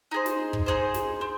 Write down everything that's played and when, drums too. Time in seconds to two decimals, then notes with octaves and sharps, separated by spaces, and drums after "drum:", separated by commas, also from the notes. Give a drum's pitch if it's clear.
0.11 D#4 G#4 C5
0.26 drum: snare
0.53 drum: kick
0.66 D#4 G#4 C5
0.94 drum: snare
1.21 C4